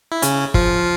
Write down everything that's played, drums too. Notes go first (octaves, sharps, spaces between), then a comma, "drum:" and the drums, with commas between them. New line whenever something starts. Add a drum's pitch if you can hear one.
E4
C#3 C#4, drum: hi-hat
F3 F4, drum: kick